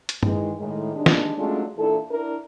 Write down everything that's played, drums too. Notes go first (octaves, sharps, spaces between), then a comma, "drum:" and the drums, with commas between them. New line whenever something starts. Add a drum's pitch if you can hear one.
drum: hi-hat
D#3 E3 G#3, drum: tom G2
A2 D#3 G#3
C3 D#3 G#3 D4
drum: snare
F#3 G#3 A3 C#4 D4 F4
A#2 E3 D4 E4 A4
D4 E4 A#4